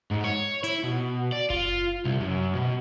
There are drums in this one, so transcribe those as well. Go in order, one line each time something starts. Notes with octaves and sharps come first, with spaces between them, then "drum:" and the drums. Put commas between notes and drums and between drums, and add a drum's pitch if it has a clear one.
G#2
C#5
E4, drum: hi-hat
B2
D5
F4, drum: kick F#1
C2
F#2
B2